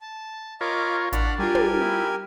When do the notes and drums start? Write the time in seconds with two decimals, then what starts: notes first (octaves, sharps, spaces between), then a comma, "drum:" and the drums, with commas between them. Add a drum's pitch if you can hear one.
0.01 A5
0.61 F4 A#4 C#5 D#5 B5 D6
1.13 A1 D4 F5 F#5 B5 C#6, drum: hi-hat
1.39 G3 F4 G4 A#4 G#5
1.55 drum: tom
1.81 E4